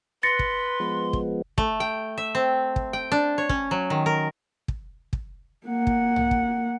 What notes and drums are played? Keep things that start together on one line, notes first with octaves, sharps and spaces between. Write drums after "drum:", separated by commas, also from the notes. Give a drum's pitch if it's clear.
B4 C6 A6 A#6 C#7
drum: kick
F3 G#3 B3
drum: kick
A3, drum: kick
G5
E5
C4
drum: kick
G5
D4
C#5
C#4, drum: kick
F#3
D#3
A#4
drum: kick
drum: kick
A#3 F#5
drum: kick
drum: tom
drum: kick